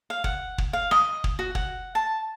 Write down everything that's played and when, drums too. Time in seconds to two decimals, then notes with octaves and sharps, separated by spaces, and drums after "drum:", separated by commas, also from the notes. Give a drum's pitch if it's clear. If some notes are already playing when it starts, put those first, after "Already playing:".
0.10 F5
0.24 F#5, drum: kick
0.58 drum: kick
0.73 F5
0.91 D#5, drum: rim click
1.24 drum: kick
1.39 F#4
1.55 F#5, drum: kick
1.95 A5